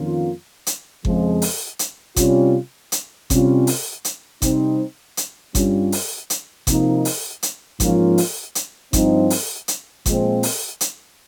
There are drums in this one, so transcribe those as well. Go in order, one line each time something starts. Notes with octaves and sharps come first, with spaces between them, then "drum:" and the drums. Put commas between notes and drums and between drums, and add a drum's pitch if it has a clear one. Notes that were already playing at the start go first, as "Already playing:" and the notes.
Already playing: F2 D#3 A#3 C#4 F4
drum: hi-hat
F2 C#3 F3 G#3, drum: kick G1
drum: open hi-hat
drum: hi-hat
C3 G3 C#4 F4, drum: kick G1, hi-hat
drum: hi-hat
C3 G3 C#4 F4, drum: kick G1, hi-hat
drum: open hi-hat
drum: hi-hat
C3 G3 C4 D#4, drum: kick G1, hi-hat
drum: hi-hat
G2 G3 C#4 F4, drum: kick G1, hi-hat
drum: open hi-hat
drum: hi-hat
C3 F3 A#3 D#4, drum: kick G1, hi-hat
drum: open hi-hat
drum: hi-hat
G#2 F3 A#3 C#4 F4, drum: kick G1, hi-hat
drum: open hi-hat
drum: hi-hat
G2 F3 C4 D#4, drum: kick G1, hi-hat
drum: open hi-hat
drum: hi-hat
A#2 F3 G#3 C4, drum: kick G1, hi-hat
drum: open hi-hat
drum: hi-hat